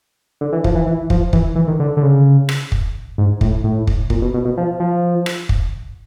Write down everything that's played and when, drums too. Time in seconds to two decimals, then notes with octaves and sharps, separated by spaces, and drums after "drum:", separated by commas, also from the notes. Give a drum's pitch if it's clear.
0.41 D3
0.52 E3
0.64 F3, drum: kick
0.75 E3
0.87 E3
1.10 F3, drum: kick
1.33 E3, drum: kick
1.56 E3
1.68 D#3
1.80 D3
1.97 D3
2.02 C#3
2.49 drum: rim click
2.72 drum: kick
3.18 G#2
3.41 A2, drum: kick
3.64 A2
3.87 drum: kick
4.10 A#2, drum: kick
4.22 B2
4.34 B2
4.45 B2
4.57 F3
4.80 F3
5.26 drum: rim click
5.49 drum: kick